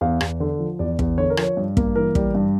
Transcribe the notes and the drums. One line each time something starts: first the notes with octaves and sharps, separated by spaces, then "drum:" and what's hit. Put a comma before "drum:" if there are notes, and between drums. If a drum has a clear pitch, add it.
E2 F5
E2, drum: rim click
D3
F3
E2 D5
E2, drum: kick
D3 C#5
A#4
F3, drum: rim click
C#5
G2
A#3, drum: kick
E3 A#4
G3, drum: kick
G2